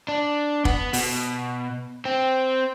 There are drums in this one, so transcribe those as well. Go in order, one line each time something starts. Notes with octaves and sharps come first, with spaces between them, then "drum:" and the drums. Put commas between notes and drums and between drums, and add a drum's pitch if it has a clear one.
D4
B3, drum: kick
B2, drum: open hi-hat
C4